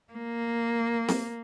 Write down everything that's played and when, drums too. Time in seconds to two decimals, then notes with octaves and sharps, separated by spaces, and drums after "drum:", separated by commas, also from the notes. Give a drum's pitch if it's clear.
0.13 A#3
1.08 drum: snare C4